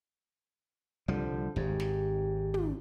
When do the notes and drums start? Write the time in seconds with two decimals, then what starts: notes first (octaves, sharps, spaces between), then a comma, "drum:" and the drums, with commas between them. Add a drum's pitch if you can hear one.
1.08 C2 D3 F3 G3
1.56 G#1 G#2 G4, drum: kick
1.80 drum: snare
2.54 drum: tom